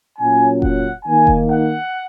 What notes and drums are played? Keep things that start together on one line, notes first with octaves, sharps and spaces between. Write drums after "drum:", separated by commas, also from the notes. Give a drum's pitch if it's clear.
A#2 F#3 C#4 G#5
F#5, drum: kick F1
D#3 A#3 D#4 G#5
drum: kick F1
F#5